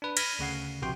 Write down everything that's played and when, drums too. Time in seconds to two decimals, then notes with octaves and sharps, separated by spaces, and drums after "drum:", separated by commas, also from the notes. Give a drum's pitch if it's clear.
0.02 D4 B4
0.17 B5 F6 G#6 A#6 B6, drum: cymbal
0.39 D2 C#3 F#5 C7
0.82 A#1 C3 F#4 G5 C6